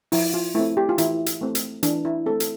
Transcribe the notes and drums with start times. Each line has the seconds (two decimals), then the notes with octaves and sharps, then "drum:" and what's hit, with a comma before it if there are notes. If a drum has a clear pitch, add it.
0.12 F3 E4, drum: open hi-hat
0.34 F4
0.55 A3 C4 E4
0.77 G4
0.89 F4
0.98 E3 E4, drum: hi-hat
1.26 drum: hi-hat
1.41 A3 C4
1.55 drum: hi-hat
1.83 E3 D4, drum: hi-hat
2.05 E4
2.26 A3 C4 A4
2.40 drum: hi-hat